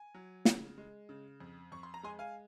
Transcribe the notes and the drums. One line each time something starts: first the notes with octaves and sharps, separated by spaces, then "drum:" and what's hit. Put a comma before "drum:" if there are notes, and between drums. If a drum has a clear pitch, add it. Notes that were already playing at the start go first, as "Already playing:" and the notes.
Already playing: G#5
F#3
C#3, drum: snare
G#3
C#3
F2
F2 C#6
C6
A#5
G#3 G#5 C6
F5 G#5